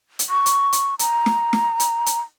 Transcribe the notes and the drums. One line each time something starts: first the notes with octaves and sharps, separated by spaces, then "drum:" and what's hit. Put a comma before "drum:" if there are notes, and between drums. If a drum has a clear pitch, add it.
drum: hi-hat
C#6
drum: hi-hat
drum: hi-hat
A#5, drum: hi-hat
drum: snare
drum: snare
drum: hi-hat
drum: hi-hat